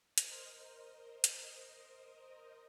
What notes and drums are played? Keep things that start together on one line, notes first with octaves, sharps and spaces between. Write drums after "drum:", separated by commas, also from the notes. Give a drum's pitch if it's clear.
A#4 C5 D#5, drum: hi-hat
drum: hi-hat